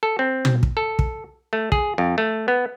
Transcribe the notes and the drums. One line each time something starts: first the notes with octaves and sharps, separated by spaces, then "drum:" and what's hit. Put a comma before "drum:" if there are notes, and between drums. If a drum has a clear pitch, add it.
A4
C4
drum: tom
drum: kick
A4
drum: kick
A3
G#4, drum: kick
F2
A3
B3